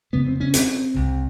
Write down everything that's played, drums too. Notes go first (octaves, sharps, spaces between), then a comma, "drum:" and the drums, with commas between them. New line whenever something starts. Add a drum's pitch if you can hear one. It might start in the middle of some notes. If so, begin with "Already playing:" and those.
F2 C#3 B3
C4
C#4
C4, drum: hi-hat
C2 C3